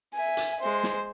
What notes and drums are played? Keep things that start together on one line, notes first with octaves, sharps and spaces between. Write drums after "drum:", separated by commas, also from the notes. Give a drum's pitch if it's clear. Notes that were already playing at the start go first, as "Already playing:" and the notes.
E5 G#5
drum: hi-hat
G#3 C5
drum: snare